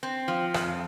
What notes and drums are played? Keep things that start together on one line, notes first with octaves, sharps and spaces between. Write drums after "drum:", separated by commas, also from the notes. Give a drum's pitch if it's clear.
C4
F3
F2, drum: rim click